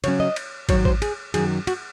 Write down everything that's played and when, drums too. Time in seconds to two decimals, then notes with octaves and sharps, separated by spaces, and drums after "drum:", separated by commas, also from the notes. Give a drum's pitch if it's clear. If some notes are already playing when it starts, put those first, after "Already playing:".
0.04 C#3 F#3 C#4 C#5, drum: cymbal
0.20 D#5
0.36 drum: cymbal
0.69 G#2 D#3 F#3 C#5, drum: kick, cymbal
0.85 C5, drum: kick
1.02 G#4, drum: cymbal
1.34 F#2 D#3 F#3 G#4, drum: cymbal
1.67 F#4, drum: cymbal